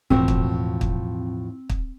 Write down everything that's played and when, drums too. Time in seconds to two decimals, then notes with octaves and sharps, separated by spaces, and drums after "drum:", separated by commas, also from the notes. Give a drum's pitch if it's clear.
0.10 E1 A2 F3 C4 F#4
0.28 drum: kick
0.81 drum: kick
1.70 drum: kick